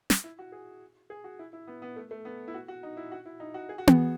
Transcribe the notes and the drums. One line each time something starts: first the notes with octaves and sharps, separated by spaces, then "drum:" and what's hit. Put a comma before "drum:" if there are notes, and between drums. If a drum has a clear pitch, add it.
drum: snare
E4
F#4
G#4
G#4
F#4
E4
E4
B3
B3
A3
A3
B3
E4
F#4
F#4
D#4
E4
F#4
E4
D#4
F#4
G#4
F#4
G#4, drum: tom B3